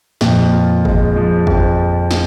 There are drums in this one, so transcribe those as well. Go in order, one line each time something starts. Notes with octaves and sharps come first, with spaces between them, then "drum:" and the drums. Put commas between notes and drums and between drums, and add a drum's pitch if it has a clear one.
F2 A#2 A#3, drum: snare
F4
G#3, drum: kick G1
F3
F2, drum: kick G1
drum: snare